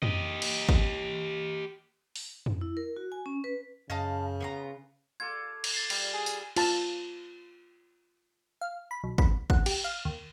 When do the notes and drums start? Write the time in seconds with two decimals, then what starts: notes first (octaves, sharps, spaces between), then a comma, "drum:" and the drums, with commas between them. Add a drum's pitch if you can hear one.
0.03 G4 D#5, drum: tom
0.42 drum: cymbal
0.69 drum: kick G#1
2.16 drum: open hi-hat
2.46 drum: tom
2.61 E4
2.77 A#4
2.97 F#4
3.12 G#5
3.26 C#4
3.44 B4
3.90 F#2 C#3 D#5 F5 A5
4.40 B3 F4 A#5
5.20 F4 A4 D6 G#6
5.64 drum: cymbal
5.74 A6 C7
5.90 G3, drum: cymbal
6.14 G#4
6.26 drum: tambourine
6.56 F4 A5, drum: cymbal
8.61 F5
8.91 B5
9.04 B1
9.18 B5, drum: kick G#1
9.50 F#5, drum: kick G#1
9.66 G4, drum: cymbal
9.84 F5
10.05 D#2